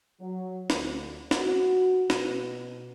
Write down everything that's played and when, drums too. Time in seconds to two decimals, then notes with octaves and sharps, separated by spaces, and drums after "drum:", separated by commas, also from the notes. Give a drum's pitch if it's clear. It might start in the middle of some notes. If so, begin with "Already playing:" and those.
0.20 F#3
0.70 D2, drum: snare
1.31 F#4, drum: snare
2.10 B2, drum: snare